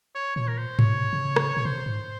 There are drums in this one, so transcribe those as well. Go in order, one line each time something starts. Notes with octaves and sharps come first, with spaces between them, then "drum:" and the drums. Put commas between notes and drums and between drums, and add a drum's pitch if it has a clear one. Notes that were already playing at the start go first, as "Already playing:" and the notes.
C#5
A#2 C#5
A#4
C5
C3 C#5, drum: tom G#2
C3
C#3
drum: rim click
A#2
C3 C5
G#2